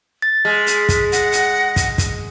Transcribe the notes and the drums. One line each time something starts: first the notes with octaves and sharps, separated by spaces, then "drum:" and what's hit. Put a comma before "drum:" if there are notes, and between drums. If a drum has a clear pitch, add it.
A6
G#3 F6 B6
drum: hi-hat
drum: kick, hi-hat
F#5 A#6, drum: hi-hat
drum: hi-hat
drum: kick, hi-hat
drum: kick, hi-hat